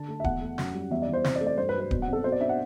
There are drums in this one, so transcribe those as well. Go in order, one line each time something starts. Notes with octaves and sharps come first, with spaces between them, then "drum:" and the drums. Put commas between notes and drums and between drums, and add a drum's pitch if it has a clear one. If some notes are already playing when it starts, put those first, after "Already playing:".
Already playing: D3 A5
A3
E5
E2 F#5, drum: kick D1
A3
F#2, drum: snare
G3
E2 E5
D5
E3
C5
C3 C5, drum: snare
D5
A3
D5
G2 C5
B4
F#3
B4
B2, drum: kick D1
F#5
C4
A4
B2 C5
D5
D4 E5
F#5